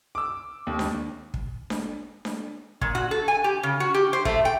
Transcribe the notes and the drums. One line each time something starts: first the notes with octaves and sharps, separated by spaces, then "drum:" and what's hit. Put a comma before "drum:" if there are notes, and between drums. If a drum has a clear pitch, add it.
D6 E6
D#2
drum: snare D4
drum: kick
drum: snare D4
drum: snare D4
A#2, drum: kick
F#4
A4
G#5
G4
C#3
F#4
G4
C5
A3, drum: kick
G5